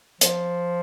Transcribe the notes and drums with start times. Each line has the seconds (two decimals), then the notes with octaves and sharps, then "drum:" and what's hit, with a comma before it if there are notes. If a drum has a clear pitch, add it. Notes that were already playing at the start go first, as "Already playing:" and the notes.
0.21 F3, drum: hi-hat